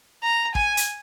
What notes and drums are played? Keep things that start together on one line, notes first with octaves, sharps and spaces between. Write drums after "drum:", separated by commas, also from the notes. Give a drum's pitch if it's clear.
A#5
G#5, drum: kick
drum: hi-hat